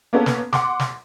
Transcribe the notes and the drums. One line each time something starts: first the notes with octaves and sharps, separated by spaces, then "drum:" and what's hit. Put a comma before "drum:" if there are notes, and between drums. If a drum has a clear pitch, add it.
A#3 B3 C#4 A4
drum: snare
F#5 C6 D6, drum: snare
drum: snare